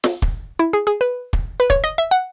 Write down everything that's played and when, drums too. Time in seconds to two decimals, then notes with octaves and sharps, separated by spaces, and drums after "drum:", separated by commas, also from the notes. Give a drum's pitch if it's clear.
0.04 drum: snare
0.22 drum: kick
0.59 E4
0.73 G#4
0.87 G#4
1.01 B4
1.33 drum: kick
1.60 B4
1.70 C#5, drum: kick
1.84 D#5
1.98 E5
2.11 F#5